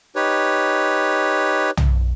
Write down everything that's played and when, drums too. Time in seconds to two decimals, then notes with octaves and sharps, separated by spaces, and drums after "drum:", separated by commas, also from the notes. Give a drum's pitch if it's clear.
0.16 D#4 G4 B4 C#5
1.77 drum: tom